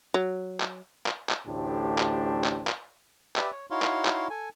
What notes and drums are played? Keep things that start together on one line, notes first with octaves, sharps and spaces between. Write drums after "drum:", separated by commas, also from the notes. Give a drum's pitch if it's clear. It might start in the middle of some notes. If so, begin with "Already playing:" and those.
F#3
drum: clap
drum: clap
drum: clap
A1 D2 A2 D4 G4 C5
drum: clap
drum: clap
drum: clap
G4 B4 D5 E5, drum: clap
C#5
D#4 E4 F#4 C#5 F5 C6
drum: clap
drum: clap
A4 G#5